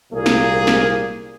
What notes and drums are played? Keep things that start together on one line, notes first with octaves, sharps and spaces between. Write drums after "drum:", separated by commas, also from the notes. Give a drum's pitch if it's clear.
C2 A#2 A#3 G#4
drum: snare
drum: snare